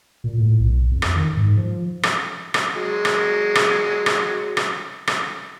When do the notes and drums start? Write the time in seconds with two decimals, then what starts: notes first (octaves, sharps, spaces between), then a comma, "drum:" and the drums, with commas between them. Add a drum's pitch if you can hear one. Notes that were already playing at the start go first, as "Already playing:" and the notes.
0.24 A#2
0.38 A2
0.59 B1
0.91 F2
1.02 drum: rim click
1.16 D#3
1.36 G#2
1.57 F3
2.03 drum: rim click
2.54 drum: rim click
2.75 F#3 G#3
3.05 drum: rim click
3.55 drum: rim click
4.06 drum: rim click
4.57 drum: rim click
5.07 drum: rim click